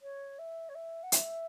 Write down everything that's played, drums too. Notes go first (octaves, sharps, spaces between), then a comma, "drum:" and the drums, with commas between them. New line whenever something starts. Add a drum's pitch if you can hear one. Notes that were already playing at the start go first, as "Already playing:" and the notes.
C#5
E5
C#5
E5
F#5
E5, drum: hi-hat